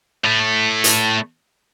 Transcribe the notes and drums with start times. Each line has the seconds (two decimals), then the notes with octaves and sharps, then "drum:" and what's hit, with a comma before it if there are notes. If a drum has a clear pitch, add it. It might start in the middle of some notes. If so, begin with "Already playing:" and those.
0.24 A2 A3
0.84 drum: hi-hat